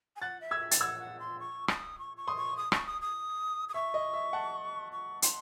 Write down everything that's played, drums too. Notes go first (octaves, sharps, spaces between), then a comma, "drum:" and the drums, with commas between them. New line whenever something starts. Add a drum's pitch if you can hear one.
G#5
F#5 F#6 A6
E5
E6 G#6
E5
A6, drum: hi-hat
F#5 E6 G#6
F#5
C6
C#6
D#6, drum: rim click
C#6
C#6
C6 D#6
C#6
D#6
C#6, drum: rim click
D#6
D#6
D#6
E5 C#6
D#5
E5
F#5 A5
C#6
C6, drum: hi-hat